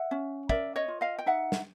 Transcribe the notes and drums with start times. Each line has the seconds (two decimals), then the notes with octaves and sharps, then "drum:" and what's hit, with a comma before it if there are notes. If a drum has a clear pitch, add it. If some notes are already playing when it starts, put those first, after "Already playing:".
Already playing: E5 F#5
0.11 C#4
0.49 A#4 D5 E5, drum: kick
0.76 C#5 D#5
0.88 F4
1.01 D#5 F5
1.19 G5
1.26 D#4 E5 F#5
1.52 drum: snare